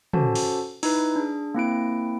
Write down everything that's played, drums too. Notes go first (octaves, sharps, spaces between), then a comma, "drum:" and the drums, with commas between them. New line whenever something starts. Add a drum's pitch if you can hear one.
C#4 F#4 A4 C5 A5, drum: tom
drum: open hi-hat
D#4 E4 B4, drum: open hi-hat
D4 G#4
A#3 C4 E4 D7